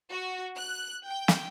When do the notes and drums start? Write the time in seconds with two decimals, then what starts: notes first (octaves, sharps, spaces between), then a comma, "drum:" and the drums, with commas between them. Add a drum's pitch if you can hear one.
0.11 F#4
0.58 F#6
1.08 G5
1.28 drum: snare